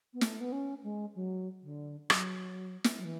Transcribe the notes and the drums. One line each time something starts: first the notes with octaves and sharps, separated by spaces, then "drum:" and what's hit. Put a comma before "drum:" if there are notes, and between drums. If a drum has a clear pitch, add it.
B3
A3, drum: snare
B3
C#4
G#3
F#3
D3
F#3, drum: rim click
drum: snare
F#3
E3